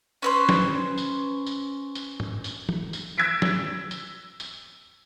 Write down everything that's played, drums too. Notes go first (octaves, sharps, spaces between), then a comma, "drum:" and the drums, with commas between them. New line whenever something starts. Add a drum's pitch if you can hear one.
C#4 B4 C5
drum: snare
drum: tambourine
drum: tambourine
drum: tambourine
drum: tom
drum: tambourine
drum: tom
drum: tambourine
E6 G#6 A#6 B6 D7
drum: snare
drum: tambourine
drum: tambourine